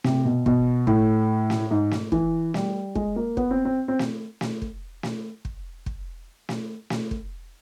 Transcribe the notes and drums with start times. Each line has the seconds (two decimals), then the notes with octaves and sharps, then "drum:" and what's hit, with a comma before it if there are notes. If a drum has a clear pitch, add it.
0.04 C3, drum: snare
0.25 B2
0.46 B2, drum: kick
0.87 A2, drum: kick
1.50 drum: snare
1.71 G#2
1.91 drum: snare
2.12 E3, drum: kick
2.54 G3, drum: snare
2.95 G#3, drum: kick
3.16 A#3
3.37 B3, drum: kick
3.51 C4
3.65 C4
3.88 C4
3.99 drum: snare
4.41 drum: snare
4.62 drum: kick
5.03 drum: snare
5.45 drum: kick
5.86 drum: kick
6.49 drum: snare
6.90 drum: snare
7.11 drum: kick